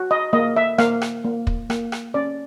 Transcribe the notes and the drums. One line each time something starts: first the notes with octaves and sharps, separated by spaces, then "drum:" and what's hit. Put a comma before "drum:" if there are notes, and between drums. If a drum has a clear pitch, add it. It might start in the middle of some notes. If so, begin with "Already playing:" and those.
Already playing: F#4
D#5
A#3 D#5
E5
A#3 F5, drum: rim click
drum: rim click
A#3
drum: kick
A#3, drum: rim click
drum: rim click
C#4 D5